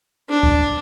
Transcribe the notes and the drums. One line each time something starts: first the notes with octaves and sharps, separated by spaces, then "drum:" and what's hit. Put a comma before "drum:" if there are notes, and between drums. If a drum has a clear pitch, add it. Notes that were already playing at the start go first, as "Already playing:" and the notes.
D4
drum: kick